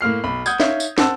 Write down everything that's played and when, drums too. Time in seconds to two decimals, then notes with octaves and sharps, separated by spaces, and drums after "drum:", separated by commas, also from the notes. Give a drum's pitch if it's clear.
0.01 A2 A#3 F6 C7
0.24 B1 B5
0.46 F#5 D#6 G6 G#6, drum: tambourine
0.60 D#4 C#5 E5 F5, drum: snare
0.80 drum: tambourine
0.98 C4 F#5 A5 E6, drum: snare